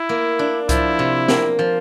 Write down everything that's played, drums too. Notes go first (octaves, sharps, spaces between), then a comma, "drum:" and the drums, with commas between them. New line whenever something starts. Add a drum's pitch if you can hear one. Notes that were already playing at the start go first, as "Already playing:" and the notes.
Already playing: E4
A#3
D4
F3 E4, drum: kick C2, hi-hat
C3
A#3, drum: snare
F3